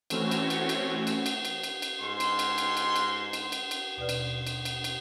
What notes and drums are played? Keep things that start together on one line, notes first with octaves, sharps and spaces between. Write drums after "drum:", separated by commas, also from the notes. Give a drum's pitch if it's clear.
E3 A3 C4 C#4 F#4, drum: cymbal
drum: cymbal
drum: cymbal
drum: cymbal
drum: cymbal
drum: cymbal
drum: cymbal
drum: cymbal
drum: cymbal
G#2 C6
drum: cymbal
drum: cymbal
drum: cymbal
drum: cymbal
drum: cymbal
drum: cymbal
drum: cymbal
drum: cymbal
D#2 B2 B4 D5 F6
drum: cymbal
drum: cymbal
drum: cymbal
drum: cymbal